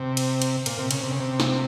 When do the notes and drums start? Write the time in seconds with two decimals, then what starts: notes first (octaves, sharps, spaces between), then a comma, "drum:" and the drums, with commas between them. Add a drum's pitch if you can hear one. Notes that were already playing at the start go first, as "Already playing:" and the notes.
Already playing: C3
0.17 drum: cymbal
0.42 drum: cymbal
0.66 A#2, drum: cymbal
0.79 C3
0.91 C#3, drum: cymbal
1.03 C3
1.11 C#3
1.20 C3
1.40 drum: snare